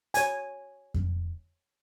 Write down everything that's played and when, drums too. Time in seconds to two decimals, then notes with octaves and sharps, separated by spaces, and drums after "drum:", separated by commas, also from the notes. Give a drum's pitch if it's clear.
0.14 C#5 G#5, drum: hi-hat
0.94 drum: kick F2